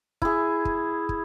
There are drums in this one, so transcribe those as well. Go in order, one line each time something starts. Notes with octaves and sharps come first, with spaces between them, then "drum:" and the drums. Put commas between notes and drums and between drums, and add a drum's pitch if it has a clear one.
E4 G#4, drum: kick
drum: kick
drum: kick